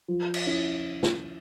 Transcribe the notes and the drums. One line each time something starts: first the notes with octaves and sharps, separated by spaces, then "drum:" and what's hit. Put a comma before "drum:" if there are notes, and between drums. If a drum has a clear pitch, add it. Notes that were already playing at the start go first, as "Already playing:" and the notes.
F3
drum: cymbal
C#4 E4
drum: snare